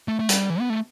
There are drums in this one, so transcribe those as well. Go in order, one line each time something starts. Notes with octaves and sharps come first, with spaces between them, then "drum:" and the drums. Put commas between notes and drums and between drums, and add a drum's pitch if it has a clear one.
A3
A3
G3, drum: hi-hat
E3
B3
A3